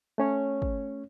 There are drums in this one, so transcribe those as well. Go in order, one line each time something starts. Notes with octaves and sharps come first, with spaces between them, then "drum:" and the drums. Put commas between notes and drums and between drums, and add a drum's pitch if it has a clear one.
A3 C#4 C#5
drum: kick